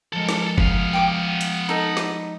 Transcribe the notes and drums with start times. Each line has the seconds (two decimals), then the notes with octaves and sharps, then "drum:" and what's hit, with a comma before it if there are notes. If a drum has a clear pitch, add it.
0.13 F3 G#3 A4 A#4
0.29 drum: snare
0.58 B3 F5, drum: kick G1
0.93 G5 D6
1.41 drum: hi-hat
1.69 D#4 A4
1.97 drum: snare